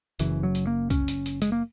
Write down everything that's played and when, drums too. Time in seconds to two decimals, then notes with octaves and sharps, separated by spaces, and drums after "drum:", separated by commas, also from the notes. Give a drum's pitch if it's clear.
0.19 F#1 F#2 C#3 E3, drum: hi-hat
0.43 F#3
0.55 drum: hi-hat
0.67 A#3
0.90 C#4, drum: kick C2, hi-hat
1.08 drum: hi-hat
1.26 drum: hi-hat
1.42 G#3, drum: hi-hat
1.52 A#3